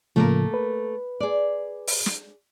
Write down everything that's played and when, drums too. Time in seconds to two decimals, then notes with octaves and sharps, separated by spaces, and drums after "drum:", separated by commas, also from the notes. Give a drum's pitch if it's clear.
0.16 A2 C#3 F3 A3 A#3 A#4
0.54 B4
1.20 G#4 D5
1.87 drum: open hi-hat
2.06 drum: snare